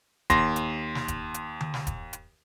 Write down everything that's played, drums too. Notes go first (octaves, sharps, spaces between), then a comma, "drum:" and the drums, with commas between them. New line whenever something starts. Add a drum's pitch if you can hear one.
D#2 C6 A#6, drum: kick E1, hi-hat
drum: hi-hat
drum: snare
drum: kick E1, hi-hat
drum: hi-hat
drum: tom D3
drum: snare
drum: kick E1, hi-hat
drum: hi-hat